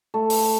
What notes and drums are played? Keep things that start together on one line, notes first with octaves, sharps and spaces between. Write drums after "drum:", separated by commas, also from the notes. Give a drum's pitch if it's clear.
A3
drum: open hi-hat